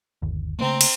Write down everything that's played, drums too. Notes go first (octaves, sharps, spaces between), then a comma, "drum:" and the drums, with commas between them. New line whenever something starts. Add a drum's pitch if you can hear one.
G1 D#2
C#3 A3 A#3 C4 A#5
drum: cymbal